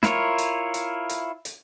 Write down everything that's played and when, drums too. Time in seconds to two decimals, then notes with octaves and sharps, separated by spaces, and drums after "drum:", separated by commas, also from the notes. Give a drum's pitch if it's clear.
0.03 E4 F4 A#4 C#5, drum: snare
0.38 drum: hi-hat
0.74 drum: hi-hat
1.09 drum: hi-hat
1.45 drum: hi-hat